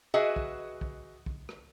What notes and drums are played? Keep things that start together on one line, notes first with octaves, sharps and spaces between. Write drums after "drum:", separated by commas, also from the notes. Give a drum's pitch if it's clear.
F#4 G#4 B4 D#5 E5
drum: kick B1
drum: kick B1
drum: kick B1
drum: rim click